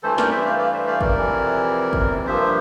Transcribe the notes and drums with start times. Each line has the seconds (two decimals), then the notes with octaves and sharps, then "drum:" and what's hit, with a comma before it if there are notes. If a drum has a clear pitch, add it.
0.03 G2 E3 A3 A4 C5
0.18 A#4 D5, drum: snare
0.32 C5 E5
0.45 D5 F5
0.59 D5 F5
0.73 C5 E5
0.87 D5 F5
1.01 A#4 D5, drum: kick
1.16 F2 C3 E3
1.93 drum: kick
2.26 G2 F3 A#3 C5 E5